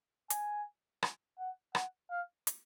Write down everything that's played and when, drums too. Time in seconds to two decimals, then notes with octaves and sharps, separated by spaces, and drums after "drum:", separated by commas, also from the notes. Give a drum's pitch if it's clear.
0.30 G#5, drum: hi-hat
1.03 drum: rim click
1.39 F#5
1.75 F#5, drum: rim click
2.10 F5
2.47 drum: hi-hat